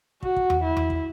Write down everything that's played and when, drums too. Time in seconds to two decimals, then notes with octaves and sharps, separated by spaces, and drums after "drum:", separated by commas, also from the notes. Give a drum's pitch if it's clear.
0.23 F#4, drum: kick
0.36 drum: kick
0.50 drum: tom E2
0.63 E4
0.77 drum: tom E2
0.90 drum: kick